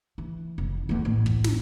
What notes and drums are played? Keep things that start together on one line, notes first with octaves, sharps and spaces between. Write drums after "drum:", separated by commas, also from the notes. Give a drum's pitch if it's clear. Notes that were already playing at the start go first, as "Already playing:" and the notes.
E3
F1
E2 A3
A1
drum: kick
drum: snare